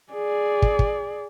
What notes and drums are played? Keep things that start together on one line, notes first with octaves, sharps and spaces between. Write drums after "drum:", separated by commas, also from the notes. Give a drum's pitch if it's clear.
G#4 D5
drum: kick
drum: kick